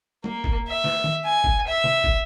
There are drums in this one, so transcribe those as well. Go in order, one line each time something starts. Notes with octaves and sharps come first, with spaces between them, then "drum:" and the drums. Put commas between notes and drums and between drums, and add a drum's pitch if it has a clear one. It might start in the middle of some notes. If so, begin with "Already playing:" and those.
A#3, drum: tom
drum: kick
E5
drum: snare
drum: tom D#3
G#5
drum: kick
E5
drum: tom C3
drum: kick